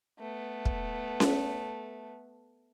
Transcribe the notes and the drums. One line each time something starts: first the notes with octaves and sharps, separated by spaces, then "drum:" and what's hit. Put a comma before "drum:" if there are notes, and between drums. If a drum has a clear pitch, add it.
A3 B3
drum: kick
drum: snare C#4